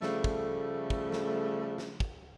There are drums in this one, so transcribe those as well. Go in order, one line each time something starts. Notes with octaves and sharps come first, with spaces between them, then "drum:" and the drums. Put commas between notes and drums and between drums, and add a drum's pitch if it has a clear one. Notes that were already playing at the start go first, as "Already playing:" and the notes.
C#3 F3 G3 A3, drum: snare
drum: kick
drum: kick
drum: snare
drum: snare
drum: kick